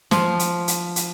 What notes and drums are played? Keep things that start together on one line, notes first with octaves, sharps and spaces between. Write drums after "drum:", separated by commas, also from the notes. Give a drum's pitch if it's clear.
F3, drum: snare
drum: hi-hat
drum: hi-hat
drum: hi-hat